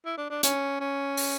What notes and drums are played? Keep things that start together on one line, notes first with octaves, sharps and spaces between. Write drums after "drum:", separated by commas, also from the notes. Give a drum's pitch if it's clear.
E4
D4
D4
C#4, drum: hi-hat
C#4
drum: open hi-hat